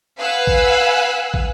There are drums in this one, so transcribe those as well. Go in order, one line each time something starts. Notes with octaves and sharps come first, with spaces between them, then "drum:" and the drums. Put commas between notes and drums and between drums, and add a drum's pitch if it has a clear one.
B4 F5 F#5 G#5 E6 F#6
drum: kick
drum: kick